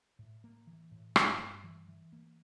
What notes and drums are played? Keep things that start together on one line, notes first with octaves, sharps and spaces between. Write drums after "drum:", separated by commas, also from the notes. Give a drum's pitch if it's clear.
A2
A#3
E3
A2
G2, drum: rim click
G2
E3
E3
A#3